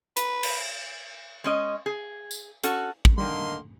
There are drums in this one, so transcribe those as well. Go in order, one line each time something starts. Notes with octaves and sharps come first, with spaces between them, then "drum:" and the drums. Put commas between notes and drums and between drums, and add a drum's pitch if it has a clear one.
B4, drum: hi-hat
drum: cymbal
G#3 C#4 D#5
G#4
drum: tambourine
C#4 F#4 A4, drum: hi-hat
drum: kick
D3 D#3 G3 A#3 C6